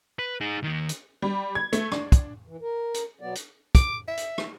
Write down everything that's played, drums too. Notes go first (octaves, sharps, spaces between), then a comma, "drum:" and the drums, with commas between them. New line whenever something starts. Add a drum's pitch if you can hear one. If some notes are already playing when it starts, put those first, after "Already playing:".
B4
D#4 G#4
D#3 A#3
drum: hi-hat
G3
G#6
A3, drum: hi-hat
D4, drum: rim click
drum: kick, hi-hat
E3
A#4
drum: hi-hat
B2 F#3 B3 D5
drum: hi-hat
D6, drum: kick, hi-hat
E5
drum: hi-hat
drum: rim click